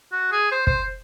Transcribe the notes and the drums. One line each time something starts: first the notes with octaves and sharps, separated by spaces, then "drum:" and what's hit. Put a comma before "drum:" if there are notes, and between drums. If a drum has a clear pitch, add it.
F#4
G#4
C5
C5, drum: kick